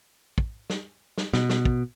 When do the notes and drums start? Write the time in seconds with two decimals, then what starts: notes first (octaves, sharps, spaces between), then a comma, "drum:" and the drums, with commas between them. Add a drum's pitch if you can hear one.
0.38 drum: kick
0.70 drum: snare
1.18 drum: snare
1.34 B2, drum: snare
1.49 drum: snare
1.65 drum: kick